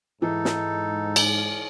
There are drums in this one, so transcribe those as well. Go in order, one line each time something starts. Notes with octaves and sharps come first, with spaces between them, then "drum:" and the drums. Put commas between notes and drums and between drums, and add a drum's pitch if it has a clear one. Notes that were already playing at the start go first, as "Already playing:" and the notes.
G#2 E3 D#4 A4
drum: snare
drum: cymbal